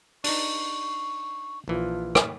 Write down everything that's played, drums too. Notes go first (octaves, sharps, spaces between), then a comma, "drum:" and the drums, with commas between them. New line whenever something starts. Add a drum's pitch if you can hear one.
D4 D#4 C#6, drum: open hi-hat
A#1 E3 F4
drum: rim click